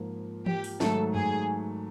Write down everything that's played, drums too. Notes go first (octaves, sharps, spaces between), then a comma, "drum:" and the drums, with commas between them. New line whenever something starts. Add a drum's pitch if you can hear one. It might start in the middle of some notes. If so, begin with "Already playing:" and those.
Already playing: G#2 F3 A#3
G4, drum: tom E3
drum: open hi-hat
G#2 D#3 F#3 A3 A4, drum: snare
G#4, drum: tom F#2